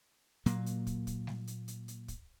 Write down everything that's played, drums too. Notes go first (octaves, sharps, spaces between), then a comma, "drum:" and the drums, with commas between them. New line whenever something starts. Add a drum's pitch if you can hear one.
A#2 F#3 A#3, drum: hi-hat
drum: hi-hat
drum: kick, hi-hat
drum: kick, hi-hat
drum: snare G3
drum: hi-hat
drum: hi-hat
drum: hi-hat
drum: kick, hi-hat